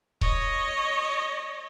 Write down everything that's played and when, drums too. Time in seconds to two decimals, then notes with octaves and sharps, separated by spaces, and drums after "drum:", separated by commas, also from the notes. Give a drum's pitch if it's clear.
0.21 C#5 D#5, drum: kick D#1